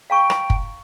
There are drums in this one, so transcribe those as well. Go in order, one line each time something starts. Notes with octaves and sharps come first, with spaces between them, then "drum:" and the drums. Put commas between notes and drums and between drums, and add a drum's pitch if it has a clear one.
F5 G5 A#5 C#6
drum: rim click
drum: kick